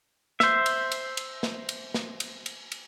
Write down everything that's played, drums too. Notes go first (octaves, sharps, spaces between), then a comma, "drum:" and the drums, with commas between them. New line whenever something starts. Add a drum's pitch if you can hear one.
C5 E5, drum: snare
drum: cymbal
drum: cymbal
drum: cymbal
drum: snare
drum: cymbal
drum: snare
drum: cymbal
drum: cymbal
drum: cymbal